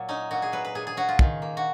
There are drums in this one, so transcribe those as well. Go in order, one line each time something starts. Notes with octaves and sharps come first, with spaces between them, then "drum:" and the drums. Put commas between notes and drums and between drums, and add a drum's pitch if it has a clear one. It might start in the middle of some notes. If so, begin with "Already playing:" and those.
Already playing: A#2 F#3
C#4 D#4
A#2 F#4
G#4
F#3 B4
B4
A#2 G#4
G#4
C#4 F#4
F4
D#3, drum: kick
A#3
F#4